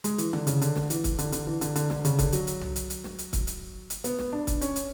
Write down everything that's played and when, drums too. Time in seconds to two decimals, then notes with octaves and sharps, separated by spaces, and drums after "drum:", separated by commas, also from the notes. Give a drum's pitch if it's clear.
0.04 G#3, drum: hi-hat
0.18 E3, drum: hi-hat
0.33 D3, drum: tom D3
0.47 C#3, drum: hi-hat
0.62 D3, drum: hi-hat
0.76 drum: snare
0.90 E3, drum: hi-hat
1.04 drum: kick, hi-hat
1.18 D3, drum: hi-hat
1.32 D3, drum: hi-hat
1.47 E3
1.61 D3, drum: hi-hat
1.76 D3, drum: hi-hat
1.90 D3, drum: snare
2.05 C#3, drum: hi-hat
2.19 D3, drum: kick, hi-hat
2.32 F#3, drum: hi-hat
2.47 drum: hi-hat
2.61 drum: tom
2.76 drum: hi-hat
2.90 drum: hi-hat
3.04 drum: snare
3.19 drum: hi-hat
3.33 drum: kick, hi-hat
3.47 drum: hi-hat
3.90 drum: hi-hat
4.04 B3, drum: hi-hat
4.19 drum: snare
4.33 D4
4.47 drum: kick, hi-hat
4.61 C#4, drum: hi-hat
4.76 drum: hi-hat